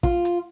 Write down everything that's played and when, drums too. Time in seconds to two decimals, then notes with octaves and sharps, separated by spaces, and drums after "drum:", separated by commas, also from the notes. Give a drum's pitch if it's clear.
0.03 F4, drum: kick
0.25 drum: hi-hat